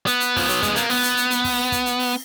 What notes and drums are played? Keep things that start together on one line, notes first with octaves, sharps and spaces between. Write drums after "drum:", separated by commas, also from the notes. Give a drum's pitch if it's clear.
B3, drum: hi-hat
drum: hi-hat
F3, drum: kick, open hi-hat
F#3, drum: hi-hat
G#3, drum: kick, hi-hat
A#3, drum: hi-hat
B3, drum: open hi-hat
drum: hi-hat
drum: hi-hat
drum: hi-hat
drum: kick, open hi-hat
drum: kick, hi-hat
drum: hi-hat
drum: open hi-hat